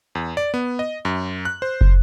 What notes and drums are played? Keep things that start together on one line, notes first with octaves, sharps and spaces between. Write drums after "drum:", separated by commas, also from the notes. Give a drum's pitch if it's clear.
E2
D5
B3
D#5
F#2
F#6
C5
drum: kick